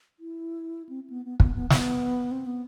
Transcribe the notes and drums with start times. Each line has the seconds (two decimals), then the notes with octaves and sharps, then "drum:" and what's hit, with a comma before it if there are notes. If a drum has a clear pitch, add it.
0.20 E4
0.89 C4
1.10 B3
1.25 B3
1.40 B3, drum: kick
1.55 B3
1.70 B3, drum: snare
2.31 C4
2.46 B3